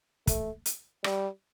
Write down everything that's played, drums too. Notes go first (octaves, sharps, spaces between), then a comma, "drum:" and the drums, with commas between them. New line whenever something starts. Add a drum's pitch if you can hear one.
A3, drum: kick, hi-hat
drum: hi-hat
G3, drum: rim click